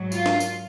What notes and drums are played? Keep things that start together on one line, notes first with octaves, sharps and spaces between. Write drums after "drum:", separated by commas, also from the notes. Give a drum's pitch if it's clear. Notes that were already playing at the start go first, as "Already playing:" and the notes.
Already playing: G#2 F#3
F4, drum: tambourine
drum: snare
drum: tambourine